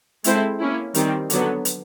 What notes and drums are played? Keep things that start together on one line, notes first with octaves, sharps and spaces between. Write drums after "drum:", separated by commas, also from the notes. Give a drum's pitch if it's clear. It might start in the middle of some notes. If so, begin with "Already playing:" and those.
G#3 C4 E4 A4 C5, drum: hi-hat
A#3 C#4 E4
D#3 G3 C4, drum: hi-hat
D3 F#3 B3, drum: hi-hat
drum: hi-hat